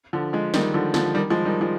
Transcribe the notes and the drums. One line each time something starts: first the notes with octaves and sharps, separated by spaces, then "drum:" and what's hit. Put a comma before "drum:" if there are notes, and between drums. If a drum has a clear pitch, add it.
D3 F3
F3 G#3
D#3 G3, drum: snare
D3 F3
D3 F3, drum: snare
D#3 G3
F3 G#3
D#3 G3
F3 G#3